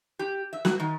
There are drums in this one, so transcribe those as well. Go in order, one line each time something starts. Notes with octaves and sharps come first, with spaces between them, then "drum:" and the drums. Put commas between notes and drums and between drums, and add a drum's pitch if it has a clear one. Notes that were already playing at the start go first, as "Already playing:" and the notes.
G4
E5
F#4, drum: snare
D#3